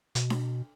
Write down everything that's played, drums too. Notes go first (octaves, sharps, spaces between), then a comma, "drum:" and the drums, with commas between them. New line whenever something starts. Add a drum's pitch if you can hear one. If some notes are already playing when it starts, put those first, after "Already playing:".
B2, drum: hi-hat
drum: snare D4